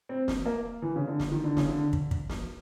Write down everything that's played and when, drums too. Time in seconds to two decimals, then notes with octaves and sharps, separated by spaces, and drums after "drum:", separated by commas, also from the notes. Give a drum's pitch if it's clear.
0.09 C4
0.28 drum: snare
0.46 A#3
0.82 E3
0.96 C#3
1.08 D3
1.20 drum: snare
1.32 D#3
1.44 D3
1.57 C#3, drum: snare
1.69 D3
1.93 drum: kick
2.11 drum: kick
2.30 drum: snare